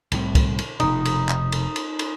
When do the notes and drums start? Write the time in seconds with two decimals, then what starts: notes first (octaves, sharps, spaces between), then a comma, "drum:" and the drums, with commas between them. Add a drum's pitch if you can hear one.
0.12 C2 A2 C3, drum: cymbal
0.35 drum: kick, cymbal
0.59 drum: cymbal
0.80 F1 B2 D#4, drum: cymbal
1.05 drum: cymbal
1.29 drum: clap
1.52 drum: cymbal
1.76 drum: cymbal
1.99 drum: cymbal